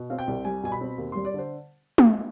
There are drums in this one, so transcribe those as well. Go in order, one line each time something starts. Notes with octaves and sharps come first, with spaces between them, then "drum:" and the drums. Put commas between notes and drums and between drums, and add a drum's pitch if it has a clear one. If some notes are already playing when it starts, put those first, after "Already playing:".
Already playing: B2
C4 F5
G5
C2
G3 G#5
B2 G#5
B5
C4
D#2
G3 C6
D5
D3 C5
drum: tom